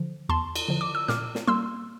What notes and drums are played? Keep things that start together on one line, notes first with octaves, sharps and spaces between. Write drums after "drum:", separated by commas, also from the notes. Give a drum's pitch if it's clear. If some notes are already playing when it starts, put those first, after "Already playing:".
Already playing: D3 F3
E2 A5 C6
drum: cymbal
D3 F3
D6
E6
A#2 D6 F6, drum: snare
drum: snare
G3 A#3 C6 E6